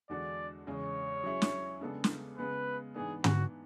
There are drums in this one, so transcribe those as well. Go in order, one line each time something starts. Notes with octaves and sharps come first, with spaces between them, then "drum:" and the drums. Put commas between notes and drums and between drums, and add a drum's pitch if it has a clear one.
E2 D3 G#3 D4 F#4 D5
E2 C#3 G#3 C#5
F#3 C#4 E4 G#4
drum: snare
C#3 G#3 B3 D4 A4
drum: snare
C#3 G#3 B3 B4
G#2 E3 B3 D4 G#4
F#4, drum: tom